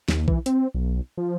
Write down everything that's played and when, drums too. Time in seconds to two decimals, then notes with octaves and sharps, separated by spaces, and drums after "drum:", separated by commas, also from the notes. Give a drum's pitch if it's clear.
0.08 D#2, drum: snare
0.28 E3, drum: kick
0.46 C4, drum: hi-hat
0.74 B1
1.18 F3